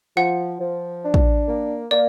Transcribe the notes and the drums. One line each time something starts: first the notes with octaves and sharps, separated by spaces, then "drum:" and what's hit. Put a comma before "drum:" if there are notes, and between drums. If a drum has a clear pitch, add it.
F3 F#5
F3
D4
drum: kick
A#3
A#3 D5